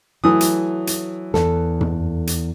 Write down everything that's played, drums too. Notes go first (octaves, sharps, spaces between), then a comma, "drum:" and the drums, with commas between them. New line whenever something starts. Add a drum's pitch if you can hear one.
E3 F#3 A3 D#6
drum: hi-hat
drum: hi-hat
E2 A4, drum: snare
drum: tom
drum: hi-hat